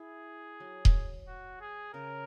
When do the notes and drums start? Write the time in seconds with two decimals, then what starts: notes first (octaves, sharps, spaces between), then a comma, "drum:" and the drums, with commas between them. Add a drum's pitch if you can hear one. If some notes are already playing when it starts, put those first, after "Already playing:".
Already playing: E4 G#4
0.60 F#3
0.85 drum: kick D#1
1.28 F#4
1.61 G#4
1.94 C#3 A#4